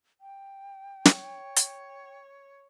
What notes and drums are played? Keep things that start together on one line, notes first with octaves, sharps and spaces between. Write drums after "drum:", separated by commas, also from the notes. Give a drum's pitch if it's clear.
G5
C#5, drum: snare
drum: hi-hat